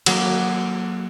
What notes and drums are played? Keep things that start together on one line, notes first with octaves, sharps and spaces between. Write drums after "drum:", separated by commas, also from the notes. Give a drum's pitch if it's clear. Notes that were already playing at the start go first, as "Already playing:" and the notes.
F#3 A#3, drum: cymbal